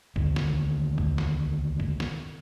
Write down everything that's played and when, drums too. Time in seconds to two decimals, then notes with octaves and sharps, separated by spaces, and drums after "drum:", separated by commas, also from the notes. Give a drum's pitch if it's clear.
0.16 C#2 D3 D#3, drum: kick C2
0.36 drum: snare
0.98 drum: kick C2
1.18 drum: snare
1.80 drum: kick C2
2.00 drum: snare